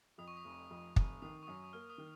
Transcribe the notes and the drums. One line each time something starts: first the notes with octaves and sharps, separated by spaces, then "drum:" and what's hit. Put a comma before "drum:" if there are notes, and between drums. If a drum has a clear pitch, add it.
F2 D#6
C#6
D#6
F1
F2
F1, drum: kick
D#3 D#6
C#6
F#2 D#6
D#6
A#3 F6
D#6
D#3